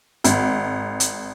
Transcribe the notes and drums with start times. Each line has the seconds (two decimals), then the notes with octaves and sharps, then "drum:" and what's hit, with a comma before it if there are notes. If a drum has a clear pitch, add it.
0.24 G#1, drum: hi-hat
1.00 drum: hi-hat